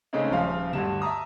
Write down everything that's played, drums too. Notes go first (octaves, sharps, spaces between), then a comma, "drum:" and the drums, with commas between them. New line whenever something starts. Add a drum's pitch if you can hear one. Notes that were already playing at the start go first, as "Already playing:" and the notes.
C#3 G#3 A3 C4 C#4 D#4
D#1 C#3 F3 F5
D2 G2 E7, drum: tom D3
E5 A5 A#5 D#6